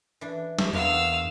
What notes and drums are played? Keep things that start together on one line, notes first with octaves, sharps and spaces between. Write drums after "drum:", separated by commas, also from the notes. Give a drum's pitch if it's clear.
E3 D4
drum: snare
E2 A#3 B3 D4 F5 E6